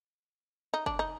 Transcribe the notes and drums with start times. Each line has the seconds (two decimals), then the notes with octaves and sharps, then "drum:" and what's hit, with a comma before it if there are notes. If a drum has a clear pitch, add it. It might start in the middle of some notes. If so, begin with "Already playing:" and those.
0.74 D#4
0.86 D4, drum: kick
0.99 D#4